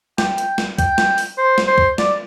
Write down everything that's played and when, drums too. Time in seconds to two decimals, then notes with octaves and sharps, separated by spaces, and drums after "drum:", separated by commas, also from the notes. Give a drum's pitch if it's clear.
0.18 G5, drum: snare
0.38 drum: hi-hat
0.58 drum: snare
0.78 G5, drum: kick, hi-hat
0.98 drum: snare
1.18 drum: open hi-hat
1.38 C5
1.58 drum: snare
1.67 C5
1.78 drum: kick
1.98 D5, drum: snare